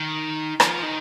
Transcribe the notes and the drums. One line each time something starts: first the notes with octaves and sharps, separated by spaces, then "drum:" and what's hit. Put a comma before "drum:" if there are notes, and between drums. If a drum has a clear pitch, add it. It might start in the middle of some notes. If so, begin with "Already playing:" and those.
Already playing: D#3
F3, drum: rim click
D#3